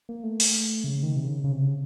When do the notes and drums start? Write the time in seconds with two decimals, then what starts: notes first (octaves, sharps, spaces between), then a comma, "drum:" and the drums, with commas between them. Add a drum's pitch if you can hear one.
0.09 A#3
0.23 A3
0.40 drum: open hi-hat
0.84 C#3
1.03 D#3
1.16 C3
1.23 C#3
1.44 C#3
1.52 C3
1.62 C#3